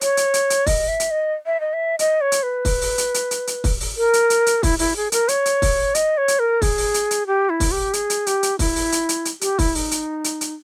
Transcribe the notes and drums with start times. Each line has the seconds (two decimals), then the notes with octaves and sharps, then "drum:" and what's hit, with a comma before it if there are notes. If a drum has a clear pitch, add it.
0.01 C#5, drum: hi-hat
0.17 drum: hi-hat
0.34 drum: hi-hat
0.50 drum: hi-hat
0.66 D#5, drum: kick, open hi-hat
0.88 E5
1.00 drum: hi-hat
1.11 D#5
1.46 E5
1.60 D#5
1.73 E5
1.99 D#5, drum: hi-hat
2.21 C#5
2.32 drum: hi-hat
2.43 B4
2.65 drum: kick, open hi-hat
2.81 drum: open hi-hat
2.98 drum: hi-hat
3.14 drum: hi-hat
3.31 drum: hi-hat
3.47 drum: hi-hat
3.64 drum: kick, open hi-hat
3.80 drum: open hi-hat
3.97 A#4
4.13 drum: hi-hat
4.30 drum: hi-hat
4.46 drum: hi-hat
4.63 E4, drum: kick, open hi-hat
4.79 E4, drum: open hi-hat
4.96 G#4
5.12 A#4, drum: hi-hat
5.28 C#5, drum: hi-hat
5.46 drum: hi-hat
5.62 drum: kick, open hi-hat
5.95 D#5, drum: hi-hat
6.17 C#5
6.28 drum: hi-hat
6.39 A#4
6.62 G#4, drum: kick, open hi-hat
6.78 drum: open hi-hat
6.94 drum: hi-hat
7.11 drum: hi-hat
7.27 G4
7.50 E4
7.60 drum: kick, open hi-hat
7.71 G4
7.93 G#4, drum: hi-hat
8.10 drum: hi-hat
8.27 G4, drum: hi-hat
8.43 drum: hi-hat
8.59 E4, drum: kick, open hi-hat
8.76 drum: open hi-hat
8.92 drum: hi-hat
9.09 drum: hi-hat
9.25 drum: hi-hat
9.41 G4, drum: hi-hat
9.59 E4, drum: kick, open hi-hat
9.75 D#4, drum: open hi-hat
9.91 drum: hi-hat
10.24 drum: hi-hat
10.41 drum: hi-hat